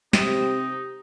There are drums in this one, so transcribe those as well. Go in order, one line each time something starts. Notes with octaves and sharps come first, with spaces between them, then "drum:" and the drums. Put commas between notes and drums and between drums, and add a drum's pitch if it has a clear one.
C3 C4 D#4 G4, drum: snare